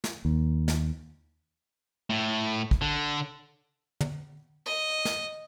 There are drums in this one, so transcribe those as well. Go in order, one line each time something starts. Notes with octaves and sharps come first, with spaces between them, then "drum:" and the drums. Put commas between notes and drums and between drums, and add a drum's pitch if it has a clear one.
drum: snare
D#2
drum: snare
A2
drum: kick
D3
drum: tom
D#5
drum: snare